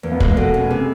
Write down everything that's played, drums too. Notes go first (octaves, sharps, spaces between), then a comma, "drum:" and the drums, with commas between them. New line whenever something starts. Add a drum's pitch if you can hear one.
E2 A#3
B3
G#3 A#3, drum: kick
B2 A3
C#4
C3 G#3